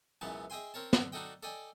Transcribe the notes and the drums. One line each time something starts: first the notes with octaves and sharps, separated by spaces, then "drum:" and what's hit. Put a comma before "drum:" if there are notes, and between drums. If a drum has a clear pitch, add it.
C#2 F#2 B2 E3 B3 A5
G#4 D#5 E5 G5 G#5 C6
C4 A#4 C#5 A5
D3 B3, drum: snare
D4 D#4 F#4 A4 D#5 G5
A4 D5 D#5 G5 G#5